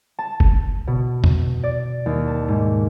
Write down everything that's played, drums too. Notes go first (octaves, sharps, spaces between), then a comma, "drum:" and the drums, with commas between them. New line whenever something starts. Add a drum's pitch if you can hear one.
A5
drum: kick F#1
B2
drum: tom
D5
D#2
A5
G#2